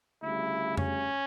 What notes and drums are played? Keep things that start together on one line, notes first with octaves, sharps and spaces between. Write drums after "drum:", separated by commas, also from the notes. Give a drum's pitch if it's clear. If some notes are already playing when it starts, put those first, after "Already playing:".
D2 C#3 G3 E4
C#4, drum: tom F2